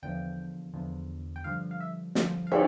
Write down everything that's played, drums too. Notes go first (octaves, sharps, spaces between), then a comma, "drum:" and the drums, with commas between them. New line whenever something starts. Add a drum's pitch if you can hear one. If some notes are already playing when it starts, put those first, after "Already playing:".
E2 D3 F3 G5
E2 D3 F3
G5
G2 D3 F3 F5
F5
E5
G2 D3 F3 C5, drum: snare
F5
E5, drum: cymbal